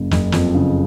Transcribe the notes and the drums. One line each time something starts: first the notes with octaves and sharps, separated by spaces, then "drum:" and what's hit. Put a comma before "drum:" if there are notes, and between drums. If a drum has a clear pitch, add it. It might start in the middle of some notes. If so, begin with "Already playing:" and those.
Already playing: F#1 C#3
F#1, drum: snare
F2, drum: snare
C#3